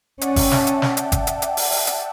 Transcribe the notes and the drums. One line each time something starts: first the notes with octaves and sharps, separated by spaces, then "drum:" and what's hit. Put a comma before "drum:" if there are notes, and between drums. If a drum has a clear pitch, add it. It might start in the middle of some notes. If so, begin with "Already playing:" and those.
C#4 D5 F#5, drum: hi-hat
E5 G5, drum: kick G1, open hi-hat
F#5 A5, drum: snare
drum: hi-hat
E5 G5, drum: snare
drum: hi-hat
drum: kick G1, hi-hat
drum: hi-hat
drum: hi-hat
drum: open hi-hat
drum: open hi-hat
drum: hi-hat